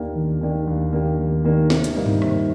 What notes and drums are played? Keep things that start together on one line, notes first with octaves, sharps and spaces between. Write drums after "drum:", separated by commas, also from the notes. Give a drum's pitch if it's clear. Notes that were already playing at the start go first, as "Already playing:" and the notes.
Already playing: D#2 D#3 A#3 D4 G4
D#2
D#3 A#3 D4 G4
D#2
D#3 A#3 D4 G4
D#2
D#3 A#3 D4 G4
C3, drum: snare
drum: hi-hat
G3 A#3 D#4 G4
drum: tom G2
C3, drum: rim click